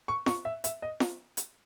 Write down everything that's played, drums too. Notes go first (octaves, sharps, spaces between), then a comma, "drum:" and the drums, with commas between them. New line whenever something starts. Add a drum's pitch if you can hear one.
C#6
C#6, drum: snare F4
E5
E5, drum: hi-hat
D#5
drum: snare F4
drum: hi-hat